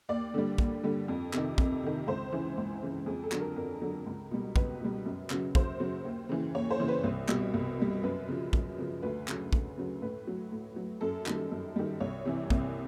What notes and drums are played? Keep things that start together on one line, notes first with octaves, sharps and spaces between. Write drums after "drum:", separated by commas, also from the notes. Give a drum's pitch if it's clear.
D#2 D5
D3 G3
D#2, drum: kick
D3 G3
F2
C3 D#3, drum: clap
F2, drum: kick
C3 D#3
C#2 C5
C#3 E3
C#2
C#3 E3
F2 G#4
A4
D3 F#3, drum: clap
A#4
F2 A#4
D3 F#3
C#2
B2 G3
C#2 B4, drum: kick
B2 G3
F#2
C#3 F#3, drum: clap
F#2 C5, drum: kick
C#3 F#3
D#2
C#3 E3
D#2 C#5
C5
C#3 E3
B4
C2
B2 G3, drum: clap
C2
B2 G3
F#2 B4
C#3 F3
F#2, drum: kick
C#3 F3
D2 B4
C#3 F#3, drum: clap
D2, drum: kick
C#3 F#3
A2 B4
F#3
A2
F#3
F#2 A4
D#3 G3, drum: clap
F#2
D#3 G3
C2 C#5
C3 E3
C2, drum: kick